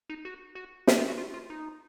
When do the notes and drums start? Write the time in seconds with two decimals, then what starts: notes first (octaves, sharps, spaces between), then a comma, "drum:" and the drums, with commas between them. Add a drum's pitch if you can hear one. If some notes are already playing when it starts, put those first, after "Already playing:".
0.09 D#4
0.25 F#4
0.55 F#4
0.87 F4, drum: snare
0.97 F4
1.08 F#4
1.18 F4
1.34 F4
1.50 D#4